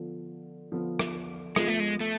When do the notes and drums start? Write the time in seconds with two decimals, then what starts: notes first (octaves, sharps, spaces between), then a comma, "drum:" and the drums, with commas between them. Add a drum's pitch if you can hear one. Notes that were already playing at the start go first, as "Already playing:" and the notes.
Already playing: D3 F3 B3 F4
0.71 D3 F3 B3 F4
0.99 drum: rim click
1.56 F3 G#3 B3 F4 A4, drum: rim click
1.68 A3
1.80 G#3
2.00 A3